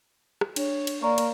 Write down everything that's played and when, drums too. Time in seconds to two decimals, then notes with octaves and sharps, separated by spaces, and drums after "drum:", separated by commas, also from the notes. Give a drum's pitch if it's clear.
0.41 drum: rim click
0.56 D4 C#5, drum: cymbal
0.87 drum: cymbal
1.03 A#3 D5 A#5 C#6
1.18 drum: cymbal